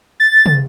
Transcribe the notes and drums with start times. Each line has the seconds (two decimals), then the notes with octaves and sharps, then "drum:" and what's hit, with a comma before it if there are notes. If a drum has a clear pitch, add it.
0.20 A6
0.46 drum: tom